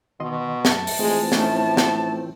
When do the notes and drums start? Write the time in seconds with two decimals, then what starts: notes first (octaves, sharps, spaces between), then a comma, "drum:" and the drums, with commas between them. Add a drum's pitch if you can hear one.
0.20 B2 D#3 D#5 C6
0.65 F#2 A3 E5 A5 C#6, drum: snare
0.87 drum: open hi-hat
0.99 E3 F3 G#3 A3 C4
1.32 A2 A3 C#4 D#4, drum: snare
1.77 drum: snare